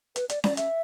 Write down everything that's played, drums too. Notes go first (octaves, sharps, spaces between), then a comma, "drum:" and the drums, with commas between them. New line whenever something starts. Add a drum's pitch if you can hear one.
B4, drum: hi-hat
D5, drum: hi-hat
D5, drum: snare C#4
E5, drum: hi-hat